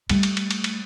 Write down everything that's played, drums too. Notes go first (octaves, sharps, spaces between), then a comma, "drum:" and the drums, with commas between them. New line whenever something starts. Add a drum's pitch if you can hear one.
G3 A3, drum: cymbal
drum: cymbal
drum: cymbal
drum: cymbal
drum: cymbal